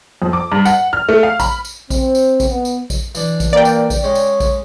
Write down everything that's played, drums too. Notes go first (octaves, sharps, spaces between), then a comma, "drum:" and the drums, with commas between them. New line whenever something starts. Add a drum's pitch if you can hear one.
F2
D6
G2
F#5, drum: tambourine
F6
A3
F5
B5, drum: kick A#1, tambourine
drum: tambourine
C4, drum: kick A#1, tambourine
drum: tambourine
drum: kick A#1, tambourine
B3
drum: tambourine
drum: kick A#1, tambourine
E3 D4, drum: tambourine
drum: kick A#1, tambourine
A#3 D5 G5
drum: tambourine
drum: kick A#1, tambourine
G#3 C#4 C#5
drum: tambourine
drum: kick A#1, tambourine